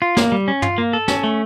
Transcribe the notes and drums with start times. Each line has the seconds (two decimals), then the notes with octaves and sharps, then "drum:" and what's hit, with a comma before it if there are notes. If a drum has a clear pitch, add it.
0.02 F4
0.17 A#3, drum: snare
0.32 G3
0.48 C#4
0.62 F4, drum: tom
0.78 A#3
0.93 A4
1.08 C#4, drum: snare
1.24 A3